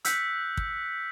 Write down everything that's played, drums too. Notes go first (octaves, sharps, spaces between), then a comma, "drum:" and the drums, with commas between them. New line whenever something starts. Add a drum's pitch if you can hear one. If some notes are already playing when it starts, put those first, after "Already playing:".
E6 F#6 G6 B6 C#7, drum: hi-hat
drum: kick